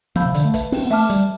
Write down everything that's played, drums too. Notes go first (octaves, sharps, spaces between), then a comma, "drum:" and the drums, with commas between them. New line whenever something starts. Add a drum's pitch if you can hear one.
F3 F5 B5 E6 G6, drum: snare
C3
D3, drum: hi-hat
A3
B4 E5 A5, drum: kick, hi-hat
C4, drum: open hi-hat
B3
A3 E5 A5 D6 F6, drum: open hi-hat
G3, drum: hi-hat